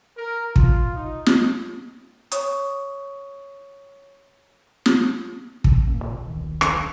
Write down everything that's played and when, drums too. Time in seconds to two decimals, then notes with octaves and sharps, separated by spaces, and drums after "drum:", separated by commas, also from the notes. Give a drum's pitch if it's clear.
0.17 A#4
0.56 F4, drum: kick
0.95 D#4
1.26 drum: snare
2.32 C#5 C#6 D#6, drum: hi-hat
4.86 drum: snare
5.64 drum: kick
5.86 D#1 A1 A#3 C#4
6.05 A#2
6.26 D#1 B1 D#3
6.61 drum: rim click